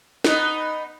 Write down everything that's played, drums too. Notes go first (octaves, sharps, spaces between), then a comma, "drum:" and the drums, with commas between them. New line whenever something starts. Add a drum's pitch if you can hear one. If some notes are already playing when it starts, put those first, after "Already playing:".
B3 D#4, drum: snare